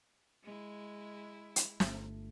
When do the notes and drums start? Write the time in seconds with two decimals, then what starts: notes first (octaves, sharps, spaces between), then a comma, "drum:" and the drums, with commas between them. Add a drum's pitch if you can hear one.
0.44 G#3 E4
1.56 drum: hi-hat
1.80 G1 A3, drum: snare